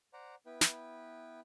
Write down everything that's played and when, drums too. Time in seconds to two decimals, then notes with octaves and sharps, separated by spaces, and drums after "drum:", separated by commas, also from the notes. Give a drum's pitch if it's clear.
0.13 C5 D5 F#5 A#5
0.46 B3 E4 B4 G5
0.61 drum: snare